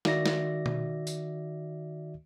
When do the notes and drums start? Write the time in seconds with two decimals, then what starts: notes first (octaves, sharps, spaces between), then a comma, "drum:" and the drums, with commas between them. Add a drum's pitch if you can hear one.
0.05 D#3 F#4 D5 E5 A#6, drum: snare
0.26 drum: snare
0.66 drum: tom B2
1.07 drum: tambourine